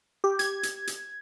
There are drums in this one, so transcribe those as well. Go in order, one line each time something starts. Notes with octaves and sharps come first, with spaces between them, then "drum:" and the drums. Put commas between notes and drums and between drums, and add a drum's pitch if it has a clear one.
G4
G#6, drum: hi-hat
drum: hi-hat
drum: hi-hat